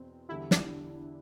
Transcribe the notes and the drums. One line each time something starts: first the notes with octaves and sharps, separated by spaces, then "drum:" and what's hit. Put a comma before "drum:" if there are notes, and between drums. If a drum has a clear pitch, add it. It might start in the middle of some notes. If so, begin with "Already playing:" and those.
Already playing: E2 B2 C4
E2 D3 G3 E4
D4, drum: snare